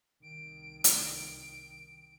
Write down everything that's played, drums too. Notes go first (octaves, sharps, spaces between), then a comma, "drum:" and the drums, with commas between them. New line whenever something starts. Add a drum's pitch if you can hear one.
C2 D#3 D7
drum: hi-hat